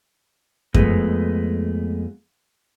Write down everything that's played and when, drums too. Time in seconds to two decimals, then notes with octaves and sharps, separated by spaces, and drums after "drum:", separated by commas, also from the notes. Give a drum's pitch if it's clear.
0.74 F2 G#3 A3 B3, drum: kick F#2